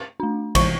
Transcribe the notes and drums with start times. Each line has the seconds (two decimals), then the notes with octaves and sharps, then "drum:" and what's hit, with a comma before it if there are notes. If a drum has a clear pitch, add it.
0.20 A3 D4
0.55 E3 C#6, drum: kick A1, cymbal